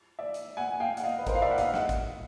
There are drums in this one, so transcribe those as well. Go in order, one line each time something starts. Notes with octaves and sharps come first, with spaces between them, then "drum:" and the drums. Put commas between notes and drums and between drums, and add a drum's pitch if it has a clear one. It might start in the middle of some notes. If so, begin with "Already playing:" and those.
D5 E5
drum: hi-hat
F#5 G#5
F5 G5
F#5, drum: hi-hat
D#5 F5
B4
A#4 C5, drum: kick, hi-hat
F5
D5 E5
F#5
D#5 F5, drum: hi-hat
F#5, drum: snare
drum: kick, hi-hat